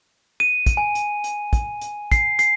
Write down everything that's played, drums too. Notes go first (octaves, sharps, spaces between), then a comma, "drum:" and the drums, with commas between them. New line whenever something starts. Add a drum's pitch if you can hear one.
D#7
drum: kick, hi-hat
G#5
drum: hi-hat
drum: hi-hat
drum: kick, hi-hat
drum: hi-hat
C7, drum: kick, hi-hat
C7, drum: hi-hat